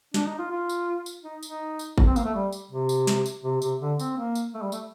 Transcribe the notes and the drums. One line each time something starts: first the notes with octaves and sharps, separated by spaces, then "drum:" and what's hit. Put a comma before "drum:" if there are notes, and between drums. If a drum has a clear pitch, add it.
D4, drum: snare
D#4
F4
F4
drum: tambourine
drum: tambourine
D#4
D#4, drum: tambourine
drum: tambourine
drum: kick G1
C4
A#3, drum: tambourine
A3
G3
drum: tambourine
C3
drum: tambourine
drum: snare
drum: tambourine
C3
C3, drum: tambourine
D3
C4, drum: tambourine
A#3
drum: tambourine
A3
G3
A3, drum: tambourine